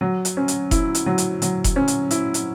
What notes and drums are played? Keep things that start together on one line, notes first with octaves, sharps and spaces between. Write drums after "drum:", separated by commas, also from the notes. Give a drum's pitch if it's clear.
F#3
drum: hi-hat
C#4
drum: hi-hat
E4, drum: kick F1, hi-hat
drum: hi-hat
F#3
drum: hi-hat
F#3, drum: hi-hat
drum: kick F1, hi-hat
C#4
drum: hi-hat
E4, drum: hi-hat
drum: hi-hat